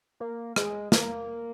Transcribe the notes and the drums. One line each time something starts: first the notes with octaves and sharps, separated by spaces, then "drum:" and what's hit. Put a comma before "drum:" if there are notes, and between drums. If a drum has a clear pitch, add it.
A#3
G#3, drum: rim click
A#3, drum: snare